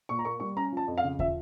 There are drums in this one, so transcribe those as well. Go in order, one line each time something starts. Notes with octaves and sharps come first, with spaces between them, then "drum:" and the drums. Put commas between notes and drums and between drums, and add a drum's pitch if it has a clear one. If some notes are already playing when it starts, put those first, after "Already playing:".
A#2 C#6
A#5
A#3 C#6
G3 C#6
C#4 A#5
F3 A5
F2
F5
C#3
F3 E5, drum: kick